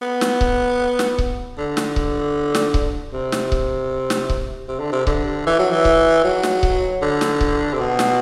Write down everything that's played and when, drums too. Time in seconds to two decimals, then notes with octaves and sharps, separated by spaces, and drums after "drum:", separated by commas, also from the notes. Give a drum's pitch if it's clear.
0.02 B3
0.21 drum: snare
0.41 drum: kick C#1
0.99 drum: snare
1.18 drum: kick C#1
1.58 D3
1.77 drum: snare
1.96 drum: kick C#1
2.55 drum: snare
2.74 drum: kick C#1
3.13 C3
3.32 drum: snare
3.52 drum: kick C#1
4.10 drum: snare
4.30 drum: kick C#1
4.68 C3
4.79 D3
4.92 C3
5.07 D3, drum: kick C#1
5.47 E3
5.59 F#3
5.71 E3
5.85 drum: kick C#1
6.24 F#3
6.43 drum: snare
6.63 drum: kick C#1
7.02 D3
7.21 drum: snare
7.41 drum: kick C#1
7.74 C3
7.80 B2
7.99 drum: snare